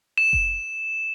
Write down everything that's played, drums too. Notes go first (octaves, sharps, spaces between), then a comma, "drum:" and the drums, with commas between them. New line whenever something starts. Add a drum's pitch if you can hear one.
E7
drum: kick F1